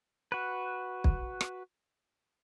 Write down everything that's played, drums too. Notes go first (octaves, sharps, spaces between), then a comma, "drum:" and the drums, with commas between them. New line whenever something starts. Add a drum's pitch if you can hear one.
F#4 B4
drum: kick
drum: rim click